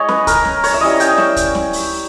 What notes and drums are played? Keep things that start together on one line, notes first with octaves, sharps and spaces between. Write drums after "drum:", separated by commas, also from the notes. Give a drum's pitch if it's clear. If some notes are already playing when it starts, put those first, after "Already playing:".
Already playing: G#3 E4 C#5 D#5
B4, drum: snare C#4
A#4, drum: kick C#2, hi-hat
drum: snare C#4
C#5, drum: open hi-hat
E5
G3 C#4 E4 D#5
G5, drum: hi-hat
E5, drum: snare C#4
drum: kick C#2, hi-hat
drum: snare C#4
drum: open hi-hat